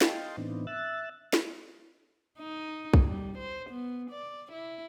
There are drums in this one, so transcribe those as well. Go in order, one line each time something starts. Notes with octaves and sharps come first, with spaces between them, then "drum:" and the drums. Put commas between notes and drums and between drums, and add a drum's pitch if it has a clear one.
D#5 F5 G5 A5 C6, drum: snare
A2 E3 B3 C4 D4 D#4
E5 E6 F#6 A6
drum: snare
D#4
drum: kick
G3
C5
B3
D5
E4